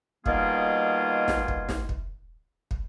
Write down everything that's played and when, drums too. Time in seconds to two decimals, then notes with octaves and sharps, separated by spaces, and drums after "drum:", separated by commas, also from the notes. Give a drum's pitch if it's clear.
0.26 B2 D#3 G3 A#3 F4 G#4, drum: kick
1.28 drum: snare
1.48 drum: kick
1.69 drum: snare
1.89 drum: kick
2.71 drum: kick